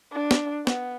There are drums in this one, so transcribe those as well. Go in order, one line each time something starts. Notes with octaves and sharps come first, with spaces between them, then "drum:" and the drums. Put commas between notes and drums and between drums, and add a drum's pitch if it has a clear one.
D4
drum: snare
B3, drum: snare